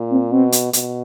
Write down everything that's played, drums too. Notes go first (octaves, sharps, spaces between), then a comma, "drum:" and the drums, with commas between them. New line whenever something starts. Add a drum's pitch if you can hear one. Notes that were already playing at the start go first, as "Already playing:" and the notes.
Already playing: A#2
C4
B2 C4
drum: hi-hat
B2, drum: hi-hat